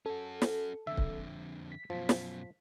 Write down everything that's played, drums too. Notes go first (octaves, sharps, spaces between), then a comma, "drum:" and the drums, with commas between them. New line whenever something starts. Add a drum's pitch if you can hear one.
C#4 F#4 A4
drum: snare
F2 D3 E5
drum: kick C#1
B6
F#2 B2 F3
drum: snare